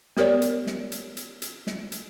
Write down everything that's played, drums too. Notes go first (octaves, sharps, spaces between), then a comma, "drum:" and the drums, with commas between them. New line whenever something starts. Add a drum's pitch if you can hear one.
B3 G4 A#4 C#5 D5, drum: snare
drum: hi-hat
drum: snare
drum: hi-hat
drum: hi-hat
drum: hi-hat
drum: snare
drum: hi-hat